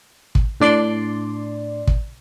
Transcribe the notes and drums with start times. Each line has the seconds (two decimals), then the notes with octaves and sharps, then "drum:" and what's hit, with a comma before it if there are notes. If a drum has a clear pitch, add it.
0.35 drum: kick
0.60 A2 D4 D5 C6
1.87 drum: kick